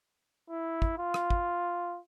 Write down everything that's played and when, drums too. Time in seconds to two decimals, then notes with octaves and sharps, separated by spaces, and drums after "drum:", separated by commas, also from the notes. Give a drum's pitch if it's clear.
0.50 E4
0.82 drum: kick
0.98 F4
1.14 drum: rim click
1.30 drum: kick